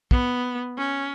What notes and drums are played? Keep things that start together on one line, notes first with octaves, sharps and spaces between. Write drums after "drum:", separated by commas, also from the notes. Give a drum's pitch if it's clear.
B3, drum: kick
C#4